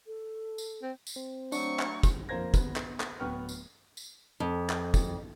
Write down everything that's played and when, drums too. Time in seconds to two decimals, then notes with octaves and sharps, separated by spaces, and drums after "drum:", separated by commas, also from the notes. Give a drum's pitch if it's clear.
0.07 A4
0.58 drum: tambourine
0.82 C4
1.07 drum: tambourine
1.16 C4
1.52 F#3 A3 D4 C#6, drum: tambourine
1.79 drum: clap
2.03 drum: kick, tambourine
2.29 F2 A#3 C5 A#5 G#6 A#6
2.54 B3, drum: kick, tambourine
2.76 drum: clap
3.00 drum: clap
3.19 D1 B3 B4 G5 C#6 F6
3.49 drum: tambourine
3.97 drum: tambourine
4.40 F2
4.70 drum: clap
4.94 drum: kick, tambourine